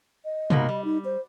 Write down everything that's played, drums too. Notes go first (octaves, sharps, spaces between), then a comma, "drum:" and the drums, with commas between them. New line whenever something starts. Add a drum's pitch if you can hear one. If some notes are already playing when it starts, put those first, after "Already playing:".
D#5
G#2 B2 A#3, drum: tom C3
G3
D#4
C5